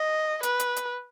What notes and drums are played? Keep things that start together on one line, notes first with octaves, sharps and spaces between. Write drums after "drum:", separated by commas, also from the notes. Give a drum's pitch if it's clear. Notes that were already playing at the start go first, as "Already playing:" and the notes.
Already playing: D#5
B4, drum: hi-hat
drum: hi-hat
drum: hi-hat